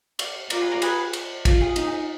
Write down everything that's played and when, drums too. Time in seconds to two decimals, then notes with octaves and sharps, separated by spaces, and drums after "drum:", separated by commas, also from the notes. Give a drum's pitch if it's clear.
0.19 D5 F5, drum: cymbal
0.50 F4 A#4 D5, drum: cymbal
0.61 G#4 B4
0.71 A#4 D5
0.82 G#4 B4, drum: cymbal
1.13 drum: cymbal
1.45 F4, drum: kick, cymbal
1.61 G#4
1.76 D#4, drum: cymbal